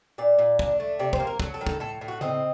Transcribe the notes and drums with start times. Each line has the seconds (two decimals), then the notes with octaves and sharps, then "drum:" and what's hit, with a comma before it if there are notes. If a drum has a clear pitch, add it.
0.18 A#2 D5
0.39 A#2
0.59 D4, drum: kick
0.80 A3
0.99 C3 D5
1.13 C5, drum: kick
1.20 A#3
1.27 A#4
1.40 F#3 A4, drum: kick
1.54 A4
1.61 D#3
1.67 A4, drum: kick
1.80 A2 A4
2.01 A2
2.08 F#4
2.21 C4 D#5, drum: tom C#3